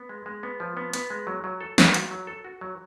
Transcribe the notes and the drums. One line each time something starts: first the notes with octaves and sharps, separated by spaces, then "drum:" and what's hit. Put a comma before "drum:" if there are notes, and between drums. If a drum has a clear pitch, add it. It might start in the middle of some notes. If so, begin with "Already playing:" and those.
Already playing: B3
G#3
G#3
B3
F3
B3
B3, drum: hi-hat
G#3
F#3
F#3
A4
B3, drum: snare
F#4, drum: hi-hat
F#3
A4
F#4
F#3